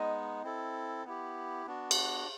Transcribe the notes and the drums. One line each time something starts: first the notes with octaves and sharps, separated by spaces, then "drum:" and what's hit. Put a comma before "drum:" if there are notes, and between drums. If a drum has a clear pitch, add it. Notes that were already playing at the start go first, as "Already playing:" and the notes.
Already playing: G#3 B3 D#4 D#5
C4 E4 A4
B3 E4 G4
B3 D4 F#4
drum: cymbal